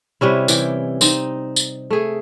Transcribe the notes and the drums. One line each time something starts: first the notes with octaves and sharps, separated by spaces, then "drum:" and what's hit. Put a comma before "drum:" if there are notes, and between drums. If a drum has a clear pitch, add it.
C3 G3 C#4 E4
E3 G5, drum: tambourine
C4 D#4, drum: tambourine
drum: tambourine
A3 G#4